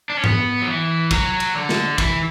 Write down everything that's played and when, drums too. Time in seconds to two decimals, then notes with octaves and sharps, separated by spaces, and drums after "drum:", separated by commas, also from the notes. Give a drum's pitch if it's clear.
0.10 D4
0.17 C#4
0.24 B3, drum: tom G#2
0.62 F#3
0.67 E3
1.11 F#3, drum: kick, cymbal
1.40 drum: cymbal
1.55 D3
1.69 drum: snare
1.98 E3, drum: kick, cymbal